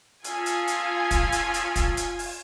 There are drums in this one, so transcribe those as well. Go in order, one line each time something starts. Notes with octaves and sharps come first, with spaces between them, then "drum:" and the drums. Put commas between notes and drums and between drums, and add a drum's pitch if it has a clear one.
C#4 F4 G#4 A4 G#5, drum: hi-hat
drum: hi-hat
drum: hi-hat
drum: kick, hi-hat
drum: hi-hat
drum: hi-hat
drum: kick, hi-hat
drum: hi-hat
drum: open hi-hat